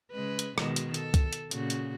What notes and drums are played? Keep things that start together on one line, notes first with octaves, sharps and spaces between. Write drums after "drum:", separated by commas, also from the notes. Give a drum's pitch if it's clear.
C#3 G#3 B4
drum: hi-hat
B2 D#3 G#3, drum: rim click
drum: hi-hat
A4, drum: hi-hat
drum: kick C2, hi-hat
drum: hi-hat
A#2 C#3 F#4, drum: hi-hat
drum: hi-hat